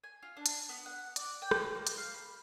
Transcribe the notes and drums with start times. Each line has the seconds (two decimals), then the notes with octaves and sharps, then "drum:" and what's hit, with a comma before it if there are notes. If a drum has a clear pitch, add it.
0.03 G#5
0.22 F4
0.37 D4
0.46 drum: hi-hat
0.69 B3
0.86 F#5
1.16 D5, drum: hi-hat
1.42 G5
1.51 drum: rim click
1.75 A#3
1.87 drum: hi-hat
1.98 F5
2.15 B5